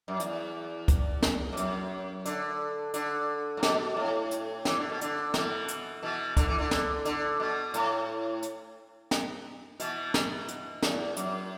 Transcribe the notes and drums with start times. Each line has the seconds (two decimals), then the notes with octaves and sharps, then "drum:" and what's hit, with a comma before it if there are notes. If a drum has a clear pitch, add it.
0.08 F#2
0.20 E2, drum: hi-hat
0.88 drum: kick, hi-hat
1.22 drum: snare
1.53 A2
1.57 F#2, drum: hi-hat
2.25 D3, drum: hi-hat
2.94 D3, drum: hi-hat
3.57 A2
3.63 B2, drum: snare
3.97 A2
4.31 drum: hi-hat
4.65 E3, drum: snare
4.78 D3
4.90 B2
5.01 D3, drum: hi-hat
5.34 B2 E3, drum: snare
5.68 drum: hi-hat
6.03 B2 E3
6.37 D3, drum: kick, hi-hat
6.48 E3
6.59 D3
6.71 drum: snare
7.05 D3, drum: hi-hat
7.40 B2
7.74 A2, drum: hi-hat
8.43 drum: hi-hat
9.11 drum: snare
9.80 B2 E3, drum: hi-hat
10.14 drum: snare
10.48 drum: hi-hat
10.82 E2, drum: snare
11.17 F#2, drum: hi-hat